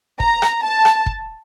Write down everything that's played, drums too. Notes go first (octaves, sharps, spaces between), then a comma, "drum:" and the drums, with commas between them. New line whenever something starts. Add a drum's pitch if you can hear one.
A#5, drum: kick
drum: rim click
A5
drum: rim click
drum: kick